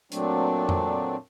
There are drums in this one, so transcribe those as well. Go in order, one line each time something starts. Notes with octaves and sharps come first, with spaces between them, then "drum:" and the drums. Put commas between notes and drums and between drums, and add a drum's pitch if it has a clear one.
A#2 F#3 A3 C4 D4, drum: hi-hat
drum: tom F2